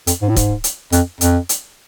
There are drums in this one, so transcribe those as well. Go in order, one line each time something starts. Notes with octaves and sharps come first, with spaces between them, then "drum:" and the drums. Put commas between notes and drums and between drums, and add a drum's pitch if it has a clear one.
F2, drum: hi-hat
G#2
A2
G#2, drum: kick, hi-hat
drum: hi-hat
F2, drum: hi-hat
F2, drum: hi-hat
drum: hi-hat